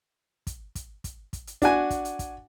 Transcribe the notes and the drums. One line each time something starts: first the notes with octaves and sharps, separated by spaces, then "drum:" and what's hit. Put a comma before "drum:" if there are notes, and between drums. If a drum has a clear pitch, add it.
drum: kick, hi-hat
drum: kick, hi-hat
drum: kick, hi-hat
drum: kick, hi-hat
drum: hi-hat
D4 F#4 G#5, drum: kick, hi-hat
drum: kick, hi-hat
drum: hi-hat
drum: kick, hi-hat